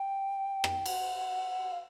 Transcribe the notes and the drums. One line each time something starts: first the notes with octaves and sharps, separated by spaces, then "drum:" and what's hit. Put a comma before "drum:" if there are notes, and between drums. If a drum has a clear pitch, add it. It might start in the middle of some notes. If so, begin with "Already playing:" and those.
Already playing: G5
drum: rim click
F#5, drum: cymbal
F5